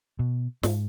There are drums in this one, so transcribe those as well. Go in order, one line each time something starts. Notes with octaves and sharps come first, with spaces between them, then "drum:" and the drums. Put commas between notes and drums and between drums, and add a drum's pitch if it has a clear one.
B2
G#2, drum: snare